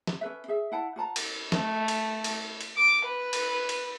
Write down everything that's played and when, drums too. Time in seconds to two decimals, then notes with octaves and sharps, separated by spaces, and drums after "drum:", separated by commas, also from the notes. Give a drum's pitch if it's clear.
0.07 drum: snare
0.21 C#4 A4 B4 E5
0.48 G#4 E5
0.72 E4 F#5 A5
0.96 F4 F#5 A5 A#5
1.16 drum: cymbal
1.52 A3, drum: snare
1.88 drum: cymbal
2.24 drum: cymbal
2.61 drum: cymbal
2.77 D6
3.05 B4
3.33 drum: cymbal
3.69 drum: cymbal